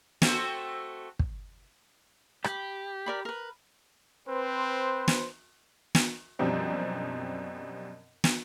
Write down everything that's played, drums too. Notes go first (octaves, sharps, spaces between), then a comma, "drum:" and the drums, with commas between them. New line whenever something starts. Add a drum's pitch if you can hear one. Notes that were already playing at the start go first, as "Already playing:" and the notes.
A3 C4 F#4, drum: snare
drum: kick
G4 B5, drum: rim click
A#4 D5 B5
A#4 B4
C4 B4 C5
drum: snare
drum: snare
F#2 B2 F3 G3 C4 D4
drum: snare